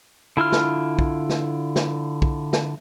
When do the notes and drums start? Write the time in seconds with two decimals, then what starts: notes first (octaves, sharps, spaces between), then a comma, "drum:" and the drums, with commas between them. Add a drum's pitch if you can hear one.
0.37 D3 E4 F4 F6
0.52 drum: snare
0.99 drum: kick
1.29 drum: snare
1.76 drum: snare
2.22 drum: kick
2.53 drum: snare